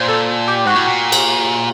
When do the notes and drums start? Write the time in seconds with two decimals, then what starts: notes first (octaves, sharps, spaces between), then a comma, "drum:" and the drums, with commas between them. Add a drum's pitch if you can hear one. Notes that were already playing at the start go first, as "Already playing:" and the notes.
Already playing: A#2 C5
0.08 A4
0.48 G4
0.65 G#2 F#4
0.76 A2
0.86 A#2
1.12 drum: cymbal